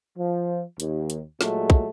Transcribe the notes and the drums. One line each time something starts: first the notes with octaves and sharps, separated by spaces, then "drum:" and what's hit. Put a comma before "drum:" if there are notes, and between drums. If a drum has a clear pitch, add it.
F3
D#2, drum: hi-hat
drum: hi-hat
A#2 F#3 G#3 A3, drum: snare
drum: kick